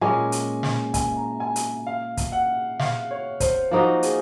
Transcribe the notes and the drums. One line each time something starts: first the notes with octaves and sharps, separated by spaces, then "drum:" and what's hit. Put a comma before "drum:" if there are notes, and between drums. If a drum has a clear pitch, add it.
A#2 G#3 C#4 G#5
drum: hi-hat
drum: snare
G#5, drum: kick, hi-hat
A#5
G#5
drum: hi-hat
F5
drum: kick, hi-hat
F#5
F5, drum: snare
C#5
C5, drum: kick, hi-hat
F3 A#3 D#4 F#4 A#4
G#4, drum: hi-hat